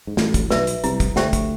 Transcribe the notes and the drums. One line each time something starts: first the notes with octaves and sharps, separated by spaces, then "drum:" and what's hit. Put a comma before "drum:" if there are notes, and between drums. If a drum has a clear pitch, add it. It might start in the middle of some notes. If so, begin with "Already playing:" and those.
G#2
A1 A2 F#4, drum: snare
drum: kick, hi-hat
B1 B2 B4 E5, drum: snare
drum: hi-hat
C2 C3 E4, drum: hi-hat
drum: kick, hi-hat
D2 D3 G4 C5 E5 G5, drum: snare
drum: kick, hi-hat